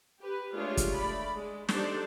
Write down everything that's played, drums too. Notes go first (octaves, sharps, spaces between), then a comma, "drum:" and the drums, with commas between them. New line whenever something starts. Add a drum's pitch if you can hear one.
G4 B4
G#3 A3 D4 F4 G4 C#5
drum: kick, hi-hat
A3 D5 B5
G#3
D4 D#4 G4 A4 C5 D5, drum: snare